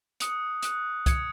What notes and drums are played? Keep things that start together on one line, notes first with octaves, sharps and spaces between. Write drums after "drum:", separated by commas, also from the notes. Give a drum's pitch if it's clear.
D#6 F#6 C#7, drum: hi-hat
D#6 F#6 C#7, drum: hi-hat
D#6 G#6 C#7, drum: kick C2, hi-hat